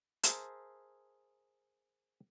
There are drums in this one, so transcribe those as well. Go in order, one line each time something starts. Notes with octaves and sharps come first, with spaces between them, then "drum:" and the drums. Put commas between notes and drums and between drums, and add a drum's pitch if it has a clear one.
G#4 A#4 C5 E5 A5, drum: hi-hat